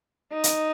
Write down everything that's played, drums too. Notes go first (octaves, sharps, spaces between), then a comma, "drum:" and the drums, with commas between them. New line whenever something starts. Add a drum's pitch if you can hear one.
D#4
drum: hi-hat